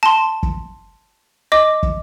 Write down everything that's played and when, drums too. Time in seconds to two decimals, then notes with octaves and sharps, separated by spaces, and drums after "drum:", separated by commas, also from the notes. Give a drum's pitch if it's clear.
0.03 A5 C6
0.43 drum: kick
1.52 D#5 D6
1.83 drum: kick